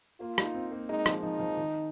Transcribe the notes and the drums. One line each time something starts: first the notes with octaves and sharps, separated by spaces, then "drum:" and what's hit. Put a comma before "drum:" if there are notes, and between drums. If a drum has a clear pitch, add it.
A#3 F4
D#4, drum: rim click
C4
A#3
G#3 D#4
F3, drum: rim click
F3 D#4
F3
D#3